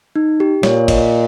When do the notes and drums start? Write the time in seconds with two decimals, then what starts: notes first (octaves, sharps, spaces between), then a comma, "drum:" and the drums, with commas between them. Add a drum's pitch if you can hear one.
0.16 D#4
0.40 G4
0.63 A#2 C#5, drum: snare
0.88 D#5, drum: kick, cymbal